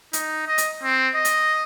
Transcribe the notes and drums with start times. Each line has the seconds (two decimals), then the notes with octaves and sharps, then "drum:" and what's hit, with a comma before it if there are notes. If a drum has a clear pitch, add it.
0.13 D#4, drum: hi-hat
0.47 D#5
0.58 drum: hi-hat
0.83 C4
1.15 D#5
1.25 drum: hi-hat